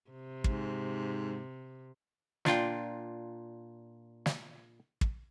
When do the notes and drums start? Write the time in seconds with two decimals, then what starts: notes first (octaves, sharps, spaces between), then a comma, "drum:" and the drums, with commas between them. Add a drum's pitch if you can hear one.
0.11 C3
0.44 G#2, drum: kick
2.45 A#2 D4 F4 G5, drum: snare
4.26 drum: snare
5.01 drum: kick